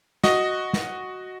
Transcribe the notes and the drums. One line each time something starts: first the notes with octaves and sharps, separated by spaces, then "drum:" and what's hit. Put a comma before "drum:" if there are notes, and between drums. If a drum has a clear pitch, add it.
F#4 D#5, drum: snare
drum: snare